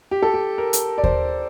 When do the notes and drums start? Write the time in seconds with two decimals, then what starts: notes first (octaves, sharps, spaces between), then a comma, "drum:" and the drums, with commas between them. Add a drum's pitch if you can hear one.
0.11 G4
0.22 A4
0.34 G4
0.58 A#4
0.73 drum: hi-hat
0.98 D5
1.04 C5, drum: kick D#2